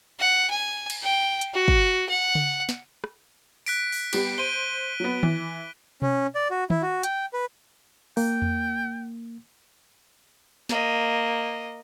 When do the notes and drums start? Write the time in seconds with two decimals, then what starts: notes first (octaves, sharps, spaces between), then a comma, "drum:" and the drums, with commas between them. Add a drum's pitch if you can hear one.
0.20 F#5
0.50 G#5
0.90 drum: cymbal
1.03 G5
1.41 drum: hi-hat
1.54 F#4
1.68 drum: kick
2.09 F#5
2.35 drum: tom C#3
2.69 drum: snare
3.04 drum: rim click
3.66 F#6 B6 D7, drum: open hi-hat
3.92 drum: open hi-hat
4.13 G3 B3 G4, drum: cymbal
4.38 C5 D#7 G7
5.00 F#3 B3
5.23 E3, drum: tom D#3
6.02 C#4, drum: tom B2
6.35 D5
6.51 F#4
6.70 E4, drum: tom D#3
6.82 F#4
7.03 G5, drum: hi-hat
7.33 B4
8.17 A#3 G5, drum: open hi-hat
8.42 drum: tom E2
10.69 A#3 D#5, drum: snare